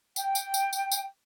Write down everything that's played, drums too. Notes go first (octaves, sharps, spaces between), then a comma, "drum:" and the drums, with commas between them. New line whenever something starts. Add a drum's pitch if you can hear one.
G5, drum: tambourine
drum: tambourine
drum: tambourine
drum: tambourine
drum: tambourine